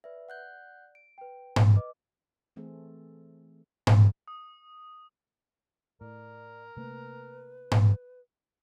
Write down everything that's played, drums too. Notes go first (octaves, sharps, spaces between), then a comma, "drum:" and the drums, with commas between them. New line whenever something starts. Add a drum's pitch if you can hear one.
B4 D5 E5
F#5 F#6 G6
D7
B4 G5
drum: tom G#2
B4 D#5 D6
E3 A3 C4 G#4 A4
drum: tom G#2
D#6
A2 A#4 D5
C3 A3 A#3 B4
drum: tom G#2